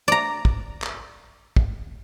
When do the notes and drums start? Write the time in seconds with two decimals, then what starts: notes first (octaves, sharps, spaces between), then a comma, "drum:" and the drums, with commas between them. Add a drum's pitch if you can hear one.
0.08 D5 A#5
0.45 drum: kick
0.82 drum: clap
1.56 drum: kick